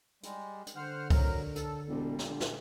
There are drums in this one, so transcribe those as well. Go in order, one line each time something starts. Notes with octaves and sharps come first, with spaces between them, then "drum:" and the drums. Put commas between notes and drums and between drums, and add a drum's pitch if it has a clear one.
G3 G#3, drum: hi-hat
drum: hi-hat
D3 C5 F#5 F6
F#3 A#4, drum: kick C2, open hi-hat
A4, drum: hi-hat
E1 A#2 G3
drum: snare
D3
drum: snare